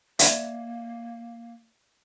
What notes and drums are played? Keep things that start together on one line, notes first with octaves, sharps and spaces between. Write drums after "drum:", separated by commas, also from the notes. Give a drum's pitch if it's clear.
A#3 D5 E5, drum: hi-hat